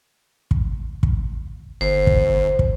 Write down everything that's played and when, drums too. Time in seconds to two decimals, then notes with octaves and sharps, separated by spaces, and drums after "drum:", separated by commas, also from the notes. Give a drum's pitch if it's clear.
0.51 drum: kick
1.03 drum: kick
1.81 G1 C5
2.07 drum: kick
2.59 drum: kick